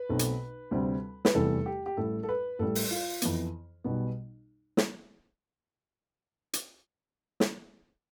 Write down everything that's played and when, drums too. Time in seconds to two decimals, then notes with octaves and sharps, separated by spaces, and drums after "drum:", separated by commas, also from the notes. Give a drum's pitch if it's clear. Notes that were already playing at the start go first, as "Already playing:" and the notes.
Already playing: B4
0.09 B1 B2 A3 C4
0.19 drum: hi-hat
0.71 D2 C3 G3 C4
1.25 B4, drum: snare
1.34 F1 E2 C3 E3 G3 A4
1.66 G4
1.86 G4
1.97 A1 A2 G3 A4
2.23 A4
2.29 B4
2.59 A1 A2 G3 A4
2.75 drum: open hi-hat
2.91 F4
3.22 F2 E3 B3, drum: hi-hat
3.84 B1 B2 G3 B3
4.77 drum: snare
6.53 drum: hi-hat
7.40 drum: snare